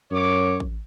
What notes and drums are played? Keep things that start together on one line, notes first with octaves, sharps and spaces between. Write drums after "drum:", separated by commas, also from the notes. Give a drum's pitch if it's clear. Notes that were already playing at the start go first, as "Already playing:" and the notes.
F#2 C#5 D6
drum: kick A1